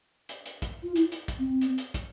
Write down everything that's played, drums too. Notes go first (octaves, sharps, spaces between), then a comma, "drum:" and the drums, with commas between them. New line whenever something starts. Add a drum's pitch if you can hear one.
drum: hi-hat
drum: hi-hat
drum: kick, hi-hat
F4
E4, drum: hi-hat
drum: hi-hat
drum: kick, hi-hat
C4
drum: hi-hat
drum: hi-hat
drum: kick, hi-hat